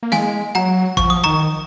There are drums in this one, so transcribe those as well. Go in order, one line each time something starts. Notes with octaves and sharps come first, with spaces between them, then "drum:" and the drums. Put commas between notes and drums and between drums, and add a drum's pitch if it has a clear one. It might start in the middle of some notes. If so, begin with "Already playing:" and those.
A#3
G#3 F5 G#5, drum: snare
F#3 F#5 A#5
F3 C#6, drum: kick
D#6
D#3 A#5 C#6